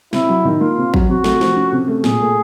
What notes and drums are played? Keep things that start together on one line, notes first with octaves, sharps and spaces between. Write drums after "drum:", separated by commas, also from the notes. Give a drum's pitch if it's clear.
C3 E4, drum: snare
F#3
D#3
A#3 F4
C3
F#3, drum: kick A1
C3 F#4
A3, drum: snare
F3, drum: snare
C#4
C3
A3
A#2 G#4, drum: snare
A3